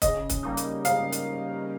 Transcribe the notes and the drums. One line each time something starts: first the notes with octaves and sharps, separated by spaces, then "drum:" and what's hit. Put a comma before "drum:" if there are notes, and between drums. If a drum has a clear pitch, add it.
C#3 D#5, drum: kick, hi-hat
drum: kick, hi-hat
G3 A#3 D#4
drum: hi-hat
C#3 F5, drum: hi-hat
drum: hi-hat